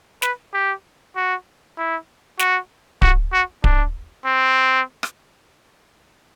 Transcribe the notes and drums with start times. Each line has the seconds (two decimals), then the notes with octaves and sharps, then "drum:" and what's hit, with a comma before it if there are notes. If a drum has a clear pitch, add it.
0.22 B4, drum: snare
0.54 G4
1.16 F#4
1.77 E4
2.39 F#4, drum: snare
3.02 F#4, drum: kick D1
3.33 F#4
3.64 D4, drum: kick D1
4.25 C4
5.03 drum: rim click